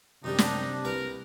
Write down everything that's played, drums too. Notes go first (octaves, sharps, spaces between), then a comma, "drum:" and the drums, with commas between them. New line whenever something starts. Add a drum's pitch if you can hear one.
F#2 C3 D#3 G3 D4 D#4
drum: snare
C2 A#4 B4 A#5